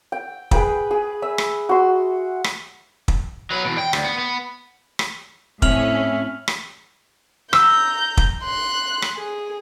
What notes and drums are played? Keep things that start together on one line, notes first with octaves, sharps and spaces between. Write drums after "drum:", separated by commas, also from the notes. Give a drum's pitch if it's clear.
G5
G#4 B4 G5 B5, drum: kick
G#4
E5 E6
drum: rim click
F#4 C6
drum: rim click
drum: kick
F#3 B4
E2 B2
G5
D2, drum: rim click
B3
B3
drum: rim click
A2 C4 C#4 E5 F6 F7 F#7, drum: kick
drum: rim click
A#5 E6 G6, drum: rim click
drum: kick
C6 F#6
drum: rim click
G#4